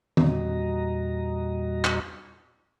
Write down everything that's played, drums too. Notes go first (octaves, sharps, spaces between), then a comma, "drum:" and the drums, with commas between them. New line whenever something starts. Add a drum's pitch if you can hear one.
E2 A#2 G3 F#4 D#5 A#5, drum: tom D#3
drum: clap